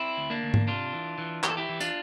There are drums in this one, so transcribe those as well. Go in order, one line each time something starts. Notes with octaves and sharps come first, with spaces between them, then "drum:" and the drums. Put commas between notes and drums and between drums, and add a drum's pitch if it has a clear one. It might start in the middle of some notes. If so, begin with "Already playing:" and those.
Already playing: C4 E4
D2
A#3 D4
D2
drum: tom G#2
C3 D4 F4
E3
E3
E3 G4, drum: clap
A4
E4 G4
E3
D4 F4, drum: tambourine